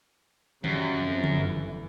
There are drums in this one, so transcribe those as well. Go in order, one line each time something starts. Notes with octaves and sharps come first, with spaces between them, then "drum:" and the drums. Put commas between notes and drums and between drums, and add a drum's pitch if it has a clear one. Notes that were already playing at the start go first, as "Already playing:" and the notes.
F#2 C#3 G3, drum: tom D3
F2 F3
drum: tom C#3
G1 E3